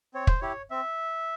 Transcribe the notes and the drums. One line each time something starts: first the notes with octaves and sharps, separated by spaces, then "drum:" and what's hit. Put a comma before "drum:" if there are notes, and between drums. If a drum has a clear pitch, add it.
C4 C#5
C5, drum: kick
E4 G4 C#5
C4 E5